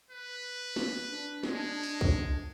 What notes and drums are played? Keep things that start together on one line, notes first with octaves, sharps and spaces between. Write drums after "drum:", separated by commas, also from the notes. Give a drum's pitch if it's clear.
B4
drum: snare
D4
G#3, drum: snare
drum: open hi-hat
drum: kick C2